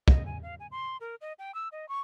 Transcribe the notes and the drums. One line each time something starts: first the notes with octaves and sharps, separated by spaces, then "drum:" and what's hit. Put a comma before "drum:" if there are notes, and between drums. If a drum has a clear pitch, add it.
D#5, drum: kick
G#5
F5
G#5
C6
A#4
D#5
G5
E6
D#5
C#6